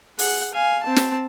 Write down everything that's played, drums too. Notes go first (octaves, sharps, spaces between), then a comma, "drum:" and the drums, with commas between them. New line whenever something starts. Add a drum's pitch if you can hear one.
G#4 F#5, drum: open hi-hat
F5 G#5
C4 A5
drum: snare